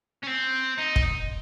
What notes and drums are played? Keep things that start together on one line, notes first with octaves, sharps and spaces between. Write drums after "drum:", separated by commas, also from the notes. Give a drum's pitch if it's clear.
C#4
C4
D#4
drum: kick